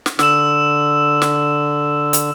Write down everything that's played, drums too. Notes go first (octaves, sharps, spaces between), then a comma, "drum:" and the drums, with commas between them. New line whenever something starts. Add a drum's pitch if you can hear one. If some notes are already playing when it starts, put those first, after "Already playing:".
drum: snare
D3 E6 E7, drum: snare
drum: snare
drum: hi-hat